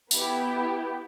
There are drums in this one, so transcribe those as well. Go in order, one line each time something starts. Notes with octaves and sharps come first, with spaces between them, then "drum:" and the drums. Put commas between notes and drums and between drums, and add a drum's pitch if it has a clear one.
B3 E4 G4, drum: tambourine